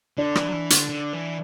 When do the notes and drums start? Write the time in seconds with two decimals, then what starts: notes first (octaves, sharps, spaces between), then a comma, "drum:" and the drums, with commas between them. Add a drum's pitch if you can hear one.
0.17 D3 D4
0.36 E3, drum: rim click
0.48 F#3
0.53 E3
0.70 D3, drum: hi-hat
0.89 D3
1.13 E3